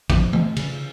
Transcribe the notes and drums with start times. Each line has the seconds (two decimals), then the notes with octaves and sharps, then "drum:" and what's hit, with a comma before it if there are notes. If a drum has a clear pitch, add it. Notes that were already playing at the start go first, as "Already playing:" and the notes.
0.10 F3, drum: kick, cymbal
0.33 A3, drum: tom
0.56 C#3, drum: cymbal